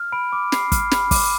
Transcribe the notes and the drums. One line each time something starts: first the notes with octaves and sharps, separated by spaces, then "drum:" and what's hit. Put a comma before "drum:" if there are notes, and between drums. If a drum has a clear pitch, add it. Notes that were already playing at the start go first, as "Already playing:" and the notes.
Already playing: F6
B5 D7
D6
B5 C7, drum: snare
F6, drum: kick, hi-hat
B5, drum: snare
D6, drum: kick, open hi-hat